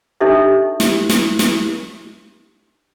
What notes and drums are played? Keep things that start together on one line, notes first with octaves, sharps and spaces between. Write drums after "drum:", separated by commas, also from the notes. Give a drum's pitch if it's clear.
D4 D#4 G4 A4 D#5 E5
drum: snare
drum: snare
drum: snare